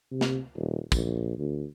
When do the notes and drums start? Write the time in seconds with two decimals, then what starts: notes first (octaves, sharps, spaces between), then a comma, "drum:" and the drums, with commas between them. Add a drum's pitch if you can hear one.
0.12 C3
0.21 drum: snare
0.56 D#1
0.92 A#1, drum: kick, tambourine
1.39 D2